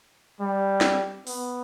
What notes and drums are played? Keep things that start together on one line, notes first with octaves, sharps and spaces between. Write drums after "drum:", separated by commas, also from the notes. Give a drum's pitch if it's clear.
G3
drum: snare
B3, drum: open hi-hat